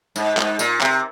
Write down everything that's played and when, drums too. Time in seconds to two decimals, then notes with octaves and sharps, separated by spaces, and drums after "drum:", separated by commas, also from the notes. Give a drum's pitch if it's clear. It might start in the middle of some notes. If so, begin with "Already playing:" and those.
0.16 G#2, drum: tambourine
0.37 G#2, drum: clap
0.59 A#2, drum: tambourine
0.81 C3, drum: clap